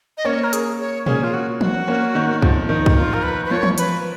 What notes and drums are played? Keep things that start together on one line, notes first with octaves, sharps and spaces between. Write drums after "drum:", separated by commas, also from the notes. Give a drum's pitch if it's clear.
D#5
A#3 C#4 C#5
A#4
G#4, drum: hi-hat
C#5
A#3 C#4 G#4, drum: tom A#2
F4
F#4
F#4, drum: tom E3
A#3 C#4
D#3
F3, drum: kick
D#3 D#4
drum: kick
F4
A#4
B4
B4
F3 C#5
drum: tom E3
B4, drum: hi-hat